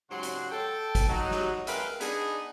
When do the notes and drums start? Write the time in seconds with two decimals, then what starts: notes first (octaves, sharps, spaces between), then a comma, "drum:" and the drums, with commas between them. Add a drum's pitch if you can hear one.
0.11 G#2 C#3 F#3 G4 F#5 C6
0.23 drum: hi-hat
0.51 A4 G5
0.95 drum: kick, hi-hat
1.09 F#3 D#4
1.31 drum: snare
1.67 G#3 A#4 B4 E5 F5 G5, drum: hi-hat
2.01 B3 D4 D#4 G#4, drum: hi-hat